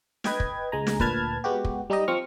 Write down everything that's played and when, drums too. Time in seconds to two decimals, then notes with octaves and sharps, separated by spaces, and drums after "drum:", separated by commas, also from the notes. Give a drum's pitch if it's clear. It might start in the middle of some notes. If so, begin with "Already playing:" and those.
0.24 B4 D#5 G5 G#6, drum: snare
0.40 drum: kick
0.72 C#2 G#3 G#5 A#5
0.87 drum: snare
1.00 D2 A#2 B4 A5 F6 G#6, drum: kick
1.44 G#3 B3 F#4 G4
1.65 drum: kick
1.90 G3 D#4 G4 D#5
2.08 F3 C4 C#6 F6